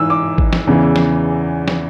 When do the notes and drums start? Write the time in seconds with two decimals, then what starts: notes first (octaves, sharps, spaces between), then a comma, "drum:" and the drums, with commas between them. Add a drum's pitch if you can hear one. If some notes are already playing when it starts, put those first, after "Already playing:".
Already playing: G#2 E3 E6
0.10 D6
0.38 drum: kick G#1
0.53 drum: snare
0.67 E2 C#3 E3
0.96 drum: snare
1.68 drum: snare